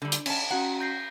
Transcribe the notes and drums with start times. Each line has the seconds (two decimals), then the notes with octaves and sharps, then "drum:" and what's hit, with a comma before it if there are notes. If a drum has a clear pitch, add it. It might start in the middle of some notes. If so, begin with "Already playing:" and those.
0.02 D3 G3
0.12 drum: hi-hat
0.26 C#4 A5, drum: cymbal
0.51 C#4 F#4 F#5 A#5
0.80 G6 A#6 C7